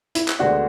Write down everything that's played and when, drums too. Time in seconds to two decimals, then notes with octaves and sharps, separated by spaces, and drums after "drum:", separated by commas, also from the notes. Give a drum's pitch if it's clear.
0.15 E4, drum: hi-hat
0.28 drum: clap
0.39 D2 D3 G#3 B3 D4 F#4